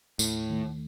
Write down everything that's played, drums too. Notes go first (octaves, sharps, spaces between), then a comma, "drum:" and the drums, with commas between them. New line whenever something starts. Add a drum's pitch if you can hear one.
D#2 A2, drum: tambourine
D#3 A3